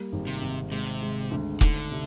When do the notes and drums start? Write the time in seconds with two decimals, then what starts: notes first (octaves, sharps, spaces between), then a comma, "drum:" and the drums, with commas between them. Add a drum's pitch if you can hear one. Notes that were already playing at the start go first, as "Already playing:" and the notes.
Already playing: G3 A#3
0.12 G#1
0.27 C3
0.41 G#1
0.72 C3 G#3
1.02 G#3
1.31 D2
1.61 D3 D#3, drum: kick
1.91 C3